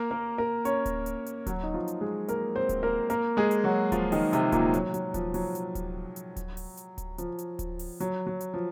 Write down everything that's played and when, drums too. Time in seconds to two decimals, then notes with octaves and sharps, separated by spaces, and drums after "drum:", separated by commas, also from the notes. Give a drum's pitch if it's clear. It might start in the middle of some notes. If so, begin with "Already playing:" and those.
Already playing: A#3 A#4
0.11 A#3 A#4
0.38 A#3 A#4
0.65 C#4 C#5, drum: hi-hat
0.86 drum: kick D1, hi-hat
1.06 drum: hi-hat
1.26 drum: hi-hat
1.47 F#3 F#4, drum: kick D1, hi-hat
1.63 D#4
1.74 F3 F4
1.88 drum: hi-hat
2.01 G#3 G#4
2.28 A#3 A#4, drum: hi-hat
2.56 C4 C5
2.69 drum: kick D1, hi-hat
2.83 A#3 A#4
3.10 A#3 A#4, drum: hi-hat
3.37 G#3 G#4
3.51 drum: hi-hat
3.64 F#3 F#4
3.92 F3 F4, drum: kick D1, hi-hat
4.12 D#3 D#4, drum: open hi-hat
4.33 C3 C4, drum: hi-hat
4.52 A#2 A#3, drum: kick D1, hi-hat
4.74 F#3, drum: hi-hat
4.94 F#3, drum: hi-hat
5.14 F3, drum: kick D1, hi-hat
5.34 F#3, drum: open hi-hat
5.55 drum: hi-hat
5.75 drum: kick D1, hi-hat
6.16 drum: hi-hat
6.37 drum: kick D1, hi-hat
6.57 drum: open hi-hat
6.77 drum: hi-hat
6.98 drum: kick D1, hi-hat
7.18 F3, drum: hi-hat
7.39 drum: hi-hat
7.59 drum: kick D1, hi-hat
7.79 drum: open hi-hat
8.00 F#3, drum: hi-hat
8.27 F#3
8.41 drum: hi-hat
8.54 F3